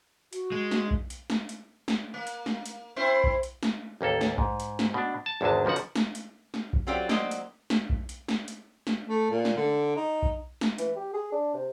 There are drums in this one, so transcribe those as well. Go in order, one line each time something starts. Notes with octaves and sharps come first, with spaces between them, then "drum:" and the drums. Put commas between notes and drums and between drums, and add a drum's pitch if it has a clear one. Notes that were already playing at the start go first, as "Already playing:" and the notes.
F#4, drum: hi-hat
G#3
drum: snare
drum: kick B1
drum: hi-hat
drum: snare
drum: hi-hat
drum: snare
A#3
drum: hi-hat
drum: snare
drum: hi-hat
C4 E4 C5
drum: kick B1
drum: hi-hat
drum: snare
A1 D#2 A#3 A4
drum: snare
G#2, drum: kick B1
drum: hi-hat
drum: snare
B2 D4
A5
G#1 E2 D3 G#3 A5
B1 C#3 F3 F#4 F#5
drum: hi-hat
drum: snare
drum: hi-hat
drum: snare
drum: kick B1
F#3 C4 F4 G4 D5
F#3 A#3 C4 D5 D#5, drum: snare
drum: hi-hat
drum: snare
drum: kick B1
drum: hi-hat
drum: snare
drum: hi-hat
drum: snare
A3
A#2
drum: snare
D3
D#4
drum: kick B1
drum: snare
E3, drum: hi-hat
G4
G#4
D4
C3